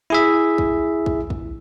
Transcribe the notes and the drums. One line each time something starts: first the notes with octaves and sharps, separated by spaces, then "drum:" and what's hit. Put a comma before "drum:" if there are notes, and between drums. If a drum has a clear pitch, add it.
E4 G#4 E5
drum: kick
drum: kick
drum: kick